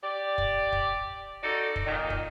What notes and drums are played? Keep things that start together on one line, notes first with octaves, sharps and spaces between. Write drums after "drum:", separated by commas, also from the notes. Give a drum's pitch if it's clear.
G4 D5
drum: kick
drum: kick
D#4 F#4 A4 D5
drum: kick
A#2 D#3
drum: kick